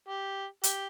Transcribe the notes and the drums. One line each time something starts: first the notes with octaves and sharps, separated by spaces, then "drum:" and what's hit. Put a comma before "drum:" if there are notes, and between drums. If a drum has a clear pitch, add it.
G4
G4, drum: hi-hat